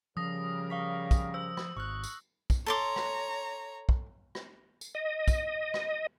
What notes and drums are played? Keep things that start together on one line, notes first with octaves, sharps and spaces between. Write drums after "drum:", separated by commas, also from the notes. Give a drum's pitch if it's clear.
C#3 F3 G3 A#4 D#6 A#6
F5 C#6 B6
drum: kick, tambourine
C5 E6
drum: rim click
G#1 C#6 F6 F#6
drum: tambourine
drum: kick, tambourine
A4 C#5 A#5 C6 D6
drum: rim click
drum: kick
drum: rim click
drum: tambourine
D#5
drum: kick, tambourine
drum: rim click